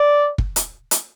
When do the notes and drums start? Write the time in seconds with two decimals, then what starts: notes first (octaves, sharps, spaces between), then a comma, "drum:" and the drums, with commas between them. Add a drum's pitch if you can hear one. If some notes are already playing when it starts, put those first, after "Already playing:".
Already playing: D5
0.38 drum: kick
0.56 drum: hi-hat
0.91 drum: hi-hat